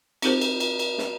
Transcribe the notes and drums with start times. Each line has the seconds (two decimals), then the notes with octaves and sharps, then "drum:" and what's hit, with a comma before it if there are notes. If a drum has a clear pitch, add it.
0.22 C4 D#4 F4 G4 A#4 C5, drum: cymbal
0.41 drum: cymbal
0.60 drum: cymbal
0.79 drum: cymbal
0.98 drum: snare